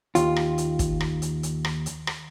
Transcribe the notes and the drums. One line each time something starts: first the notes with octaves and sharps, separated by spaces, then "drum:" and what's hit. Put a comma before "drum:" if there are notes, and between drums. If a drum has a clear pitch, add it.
D#2 F4, drum: hi-hat
drum: rim click
drum: hi-hat
drum: kick, hi-hat
drum: rim click
drum: hi-hat
drum: hi-hat
drum: rim click
drum: hi-hat
drum: rim click